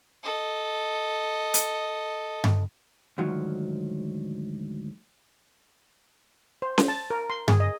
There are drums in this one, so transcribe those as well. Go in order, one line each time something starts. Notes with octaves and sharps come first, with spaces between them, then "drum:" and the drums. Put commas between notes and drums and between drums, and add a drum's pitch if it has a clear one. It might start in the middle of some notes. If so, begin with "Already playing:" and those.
A4 D#5
drum: hi-hat
drum: tom G2
D2 G#2 D#3 F3 F#3
C5
drum: snare C#4
A5
A#4
C6
G#4, drum: tom G2
D#5